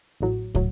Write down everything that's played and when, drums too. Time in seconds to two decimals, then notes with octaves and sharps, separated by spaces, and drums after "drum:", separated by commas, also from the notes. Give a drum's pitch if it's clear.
0.20 A1 A2 F#3
0.55 A2 F#3, drum: kick